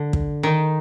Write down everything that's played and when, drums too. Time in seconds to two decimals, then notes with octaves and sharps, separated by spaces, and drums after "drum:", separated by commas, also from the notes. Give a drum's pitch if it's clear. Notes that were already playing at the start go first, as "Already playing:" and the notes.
Already playing: D3
0.13 drum: kick
0.43 D#3